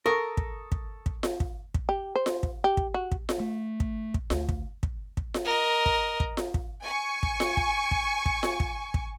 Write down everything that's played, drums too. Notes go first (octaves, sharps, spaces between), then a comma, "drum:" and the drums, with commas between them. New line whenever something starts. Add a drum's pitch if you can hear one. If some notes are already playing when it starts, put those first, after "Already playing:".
A4 A#4 C#6 D#6
drum: kick
drum: kick
drum: kick
drum: snare F4
drum: kick
drum: kick
G4
C5
drum: snare F4
drum: kick
G4
drum: kick
F#4
drum: kick
drum: snare F4
A3
drum: kick
drum: kick
D2, drum: snare F4
drum: kick
drum: kick
drum: kick
drum: snare F4
A#4 D#5
drum: kick
drum: kick
drum: snare F4
drum: kick
G#5 C#6
drum: kick
drum: snare F4
drum: kick
drum: kick
drum: kick
drum: snare F4
drum: kick
drum: kick